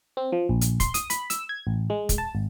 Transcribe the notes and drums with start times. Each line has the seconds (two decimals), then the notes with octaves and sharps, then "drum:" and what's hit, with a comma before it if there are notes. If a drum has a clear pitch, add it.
0.17 C4
0.32 F3
0.49 A#1
0.61 drum: hi-hat
0.80 C6, drum: kick, hi-hat
0.94 D#6, drum: hi-hat
1.10 B5, drum: hi-hat
1.30 E6, drum: hi-hat
1.49 G#6
1.67 A1
1.90 G#3
2.09 drum: kick, hi-hat
2.18 A5
2.35 G#1